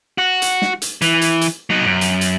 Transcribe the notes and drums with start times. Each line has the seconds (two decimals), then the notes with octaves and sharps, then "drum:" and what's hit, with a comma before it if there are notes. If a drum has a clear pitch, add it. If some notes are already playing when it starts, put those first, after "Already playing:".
0.18 F#4
0.42 drum: hi-hat
0.62 drum: snare
0.82 drum: hi-hat
1.02 E3, drum: hi-hat
1.21 drum: hi-hat
1.41 drum: hi-hat
1.70 F#3 D#4
1.86 F#2
2.01 drum: hi-hat
2.21 drum: hi-hat